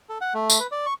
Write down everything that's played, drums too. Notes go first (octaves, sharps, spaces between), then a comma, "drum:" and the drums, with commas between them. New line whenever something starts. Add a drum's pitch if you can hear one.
A4
F#5
A3
drum: tambourine
B4
D5
C#6